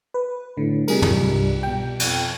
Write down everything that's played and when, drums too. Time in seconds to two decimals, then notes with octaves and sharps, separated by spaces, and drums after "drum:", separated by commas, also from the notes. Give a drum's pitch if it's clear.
0.14 B4
0.57 A2 D3
0.88 C3 G3 G#4 A#4, drum: cymbal
1.02 drum: tom
1.22 C2 G2
1.63 B2 G5
2.00 F2, drum: cymbal